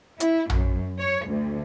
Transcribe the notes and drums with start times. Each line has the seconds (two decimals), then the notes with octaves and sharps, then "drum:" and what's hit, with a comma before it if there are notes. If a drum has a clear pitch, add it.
0.20 E4, drum: hi-hat
0.50 F#2, drum: tom A#1
0.99 C#5
1.28 D2